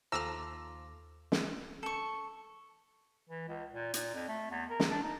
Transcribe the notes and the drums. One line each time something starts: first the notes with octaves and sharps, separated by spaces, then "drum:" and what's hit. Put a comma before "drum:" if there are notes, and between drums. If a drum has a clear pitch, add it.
D#2 F3 A4 A#5 D6 E6 F6 A#6
drum: snare
A4 C#6
E3
C#2
A#2
A#2, drum: hi-hat
F2
A3
E2
A#4
drum: snare
D4
D#4